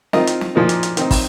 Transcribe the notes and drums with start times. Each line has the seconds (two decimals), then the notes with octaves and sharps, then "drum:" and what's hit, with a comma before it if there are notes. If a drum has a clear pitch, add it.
0.13 D#3 C4 F4 A#4 D#5, drum: snare
0.27 drum: hi-hat
0.41 drum: snare
0.55 A#2 F3 A#3 D#4
0.69 drum: hi-hat
0.83 drum: hi-hat
0.97 D#3 C4 D#4, drum: hi-hat
1.11 drum: kick, open hi-hat